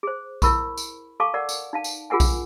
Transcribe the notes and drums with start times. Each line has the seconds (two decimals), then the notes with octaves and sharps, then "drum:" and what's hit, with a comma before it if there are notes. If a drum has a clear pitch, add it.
0.03 G#4 C5
0.42 E4 A#4 B5 C#6, drum: kick B1, tambourine
0.78 drum: tambourine
1.20 A4 F5 A5 C#6 D6
1.34 A#4 D5 F#5
1.49 drum: tambourine
1.73 D#4 F5 A5
1.84 drum: tambourine
2.10 F4 G#4 A#4 F#5 G#5
2.20 drum: kick B1, tambourine